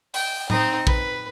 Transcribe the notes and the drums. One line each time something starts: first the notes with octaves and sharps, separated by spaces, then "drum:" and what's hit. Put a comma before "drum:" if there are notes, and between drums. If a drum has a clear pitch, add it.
G5, drum: open hi-hat
C4 D#4, drum: tom A2
B4, drum: kick